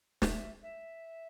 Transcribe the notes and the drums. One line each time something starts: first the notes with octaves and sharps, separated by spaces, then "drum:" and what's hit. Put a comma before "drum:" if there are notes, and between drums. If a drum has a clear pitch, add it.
E5, drum: snare
E5